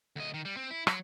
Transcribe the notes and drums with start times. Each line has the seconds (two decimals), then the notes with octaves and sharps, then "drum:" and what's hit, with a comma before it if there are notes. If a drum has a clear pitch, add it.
0.16 D2 D#5
0.34 D#3
0.45 G3
0.57 C4
0.70 E4
0.87 F#3, drum: rim click